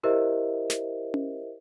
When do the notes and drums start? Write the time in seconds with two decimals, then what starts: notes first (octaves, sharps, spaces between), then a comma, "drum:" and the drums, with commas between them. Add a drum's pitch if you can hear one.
0.03 E4 G4 A#4 C5 D#5 E5
0.70 drum: snare
1.14 drum: tom C#4